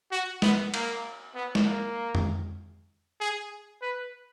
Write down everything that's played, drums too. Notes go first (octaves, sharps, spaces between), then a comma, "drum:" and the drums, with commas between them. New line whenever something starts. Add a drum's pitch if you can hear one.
F#4
B3, drum: snare
A#3, drum: cymbal
B3
drum: snare
A#3
drum: tom
G#4
B4